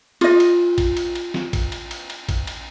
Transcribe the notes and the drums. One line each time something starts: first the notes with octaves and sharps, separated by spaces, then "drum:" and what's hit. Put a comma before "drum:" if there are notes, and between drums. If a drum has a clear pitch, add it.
F4 D#5, drum: cymbal
drum: cymbal
drum: kick A1, cymbal
drum: cymbal
drum: cymbal
drum: snare
drum: kick A1, cymbal
drum: cymbal
drum: cymbal
drum: cymbal
drum: kick A1, cymbal
drum: cymbal